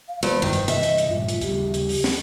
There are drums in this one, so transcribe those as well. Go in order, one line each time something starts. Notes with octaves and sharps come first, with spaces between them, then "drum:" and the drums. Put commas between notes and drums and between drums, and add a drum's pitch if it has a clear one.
F5
E2 G#3 C5, drum: hi-hat
F1 G2 D#3
drum: hi-hat
C3 E3 D#5 E5, drum: hi-hat
drum: hi-hat
drum: hi-hat
G2 A#2 F4
drum: hi-hat
D#2 C#3 G3 G4, drum: hi-hat
drum: hi-hat
drum: open hi-hat
drum: snare